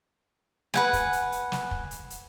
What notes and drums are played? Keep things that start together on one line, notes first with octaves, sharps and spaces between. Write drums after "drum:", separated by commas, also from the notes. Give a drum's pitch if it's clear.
B4 F#5 G#5, drum: snare
drum: kick, hi-hat
drum: hi-hat
drum: hi-hat
drum: snare
drum: kick
drum: hi-hat
drum: hi-hat